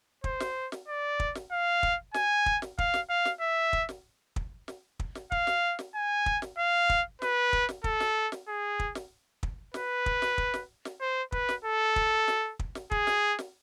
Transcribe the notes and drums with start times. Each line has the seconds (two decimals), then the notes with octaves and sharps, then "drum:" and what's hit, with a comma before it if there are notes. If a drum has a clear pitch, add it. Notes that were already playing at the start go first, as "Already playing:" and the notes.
0.24 C5, drum: kick
0.40 drum: snare
0.72 drum: snare
0.88 D5
1.20 drum: kick
1.35 drum: snare
1.52 F5
1.83 drum: kick
2.14 G#5, drum: snare
2.46 drum: kick
2.62 drum: snare
2.78 F5, drum: kick
2.94 drum: snare
3.09 F5
3.25 drum: snare
3.41 E5
3.73 drum: kick
3.89 drum: snare
4.36 drum: kick
4.68 drum: snare
5.00 drum: kick
5.15 drum: snare
5.32 F5, drum: kick
5.47 drum: snare
5.79 drum: snare
5.95 G#5
6.26 drum: kick
6.42 drum: snare
6.58 F5
6.89 drum: kick
7.22 B4, drum: snare
7.53 drum: kick
7.69 drum: snare
7.84 A4, drum: kick
8.00 drum: snare
8.32 drum: snare
8.48 G#4
8.79 drum: kick
8.95 drum: snare
9.43 drum: kick
9.74 B4, drum: snare
10.06 drum: kick
10.22 drum: snare
10.38 drum: kick
10.54 drum: snare
10.85 drum: snare
11.01 C5
11.32 B4, drum: kick
11.49 drum: snare
11.65 A4
11.96 drum: kick
12.28 drum: snare
12.59 drum: kick
12.75 drum: snare
12.91 G#4, drum: kick
13.07 drum: snare
13.39 drum: snare